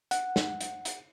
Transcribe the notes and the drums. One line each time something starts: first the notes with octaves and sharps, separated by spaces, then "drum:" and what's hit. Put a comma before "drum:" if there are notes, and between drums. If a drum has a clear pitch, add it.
F#5, drum: hi-hat
drum: snare
drum: hi-hat
drum: hi-hat